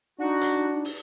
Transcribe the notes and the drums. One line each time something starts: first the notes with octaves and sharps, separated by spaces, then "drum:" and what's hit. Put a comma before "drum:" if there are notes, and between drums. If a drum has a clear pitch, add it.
D4 D#4 F#4
drum: hi-hat
drum: open hi-hat